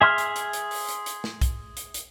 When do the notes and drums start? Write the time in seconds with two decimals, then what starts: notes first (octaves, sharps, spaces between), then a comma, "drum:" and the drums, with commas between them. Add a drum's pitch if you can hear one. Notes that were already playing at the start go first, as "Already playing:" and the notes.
0.01 G#4 E5 C6 F6
0.18 drum: hi-hat
0.36 drum: hi-hat
0.53 drum: hi-hat
0.71 drum: open hi-hat
0.89 drum: hi-hat
1.06 drum: hi-hat
1.24 drum: snare
1.41 drum: kick B1, hi-hat
1.77 drum: hi-hat
1.94 drum: hi-hat